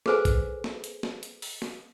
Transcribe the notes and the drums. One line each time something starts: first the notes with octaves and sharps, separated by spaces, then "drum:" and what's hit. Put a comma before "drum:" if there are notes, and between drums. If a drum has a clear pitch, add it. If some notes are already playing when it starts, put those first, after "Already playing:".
G#4 A4 B4 C5 G#5, drum: snare
drum: kick, hi-hat
drum: snare
drum: hi-hat
drum: snare
drum: hi-hat
drum: open hi-hat
drum: snare